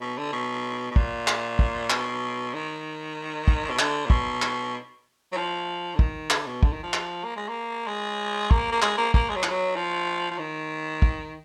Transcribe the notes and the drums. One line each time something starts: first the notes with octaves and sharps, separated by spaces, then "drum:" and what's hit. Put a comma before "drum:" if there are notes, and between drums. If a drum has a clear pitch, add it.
B2
D3
B2
B2
A#2, drum: kick
drum: clap
drum: kick
B2, drum: clap
D#3
drum: kick
B2
D3, drum: clap
A#2
B2, drum: kick
drum: clap
F#3
F3
D3
D#3, drum: kick
D3, drum: clap
B2
D3, drum: kick
D#3
F3
drum: clap
A#3
G#3
A#3
G#3
A#3, drum: kick
A#3
G#3, drum: clap
A#3
A#3, drum: kick
G#3
F#3
F3, drum: clap
F#3
F3
F3
D#3
drum: kick